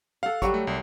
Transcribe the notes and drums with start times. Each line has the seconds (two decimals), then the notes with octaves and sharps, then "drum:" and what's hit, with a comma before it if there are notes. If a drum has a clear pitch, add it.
0.23 A4 F5 F#5
0.42 F#3 G3 F#4 C#6, drum: kick G#1, hi-hat
0.54 A3
0.67 C2